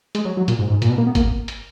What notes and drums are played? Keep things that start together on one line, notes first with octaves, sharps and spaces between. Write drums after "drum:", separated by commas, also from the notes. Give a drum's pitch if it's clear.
G#3, drum: hi-hat
F#3
F#3
A#2, drum: hi-hat
G#2
G#2
A#2, drum: hi-hat
B2
A#3
B3
A#3, drum: kick, hi-hat
drum: hi-hat